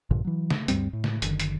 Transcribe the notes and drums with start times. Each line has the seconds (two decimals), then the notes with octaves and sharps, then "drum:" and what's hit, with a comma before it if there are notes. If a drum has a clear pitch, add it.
0.11 A#1 G2 A#2 D3
0.25 E3 F#3
0.50 drum: snare
0.68 D2 G2 G3 C4, drum: hi-hat
0.93 A2
1.04 drum: snare
1.22 F#1 D3 D#3, drum: hi-hat
1.40 drum: hi-hat